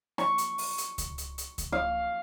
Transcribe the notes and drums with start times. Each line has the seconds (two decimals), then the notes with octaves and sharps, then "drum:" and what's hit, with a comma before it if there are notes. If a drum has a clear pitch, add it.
0.18 C#6, drum: rim click
0.38 drum: hi-hat
0.58 drum: open hi-hat
0.78 drum: hi-hat
0.98 drum: kick C#2, hi-hat
1.18 drum: hi-hat
1.38 drum: hi-hat
1.58 drum: kick C#2, hi-hat
1.72 F5